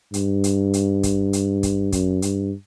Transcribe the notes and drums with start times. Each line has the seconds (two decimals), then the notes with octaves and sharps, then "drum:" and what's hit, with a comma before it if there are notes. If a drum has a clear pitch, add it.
0.14 G2, drum: hi-hat
0.44 drum: hi-hat
0.73 drum: hi-hat
1.03 drum: kick, hi-hat
1.33 drum: hi-hat
1.63 drum: kick, hi-hat
1.92 F#2, drum: kick, hi-hat
2.22 G2, drum: hi-hat